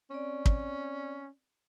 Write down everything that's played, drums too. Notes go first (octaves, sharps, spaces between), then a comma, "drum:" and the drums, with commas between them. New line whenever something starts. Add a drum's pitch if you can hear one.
C4 C#4 D5
drum: kick